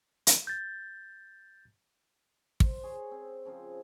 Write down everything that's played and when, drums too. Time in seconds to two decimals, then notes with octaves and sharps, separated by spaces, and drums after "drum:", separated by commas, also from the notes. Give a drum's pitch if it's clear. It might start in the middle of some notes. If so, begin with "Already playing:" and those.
0.27 drum: hi-hat
0.47 G6 A6
2.60 C5, drum: kick
2.83 G#4 C#5
3.11 C4
3.45 C#3 F3 C4